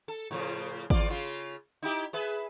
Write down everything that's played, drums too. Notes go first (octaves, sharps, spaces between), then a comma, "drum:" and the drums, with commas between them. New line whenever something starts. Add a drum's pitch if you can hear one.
A4
A2 C#3 F3
E2 F4 D5, drum: kick G#1
C#3 F4
D#4 E4 G4
G#4 B4 E5